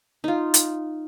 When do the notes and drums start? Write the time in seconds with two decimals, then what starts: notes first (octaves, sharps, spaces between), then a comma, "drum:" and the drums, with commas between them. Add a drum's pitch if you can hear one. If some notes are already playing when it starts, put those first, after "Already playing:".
0.24 D#4 F4
0.54 drum: hi-hat